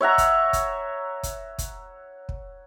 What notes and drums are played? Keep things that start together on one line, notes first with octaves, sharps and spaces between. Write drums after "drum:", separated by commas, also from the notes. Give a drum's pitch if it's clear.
C#5 E5 F#5 A#5
drum: kick, hi-hat
drum: kick, hi-hat
drum: kick, hi-hat
drum: kick, hi-hat
drum: kick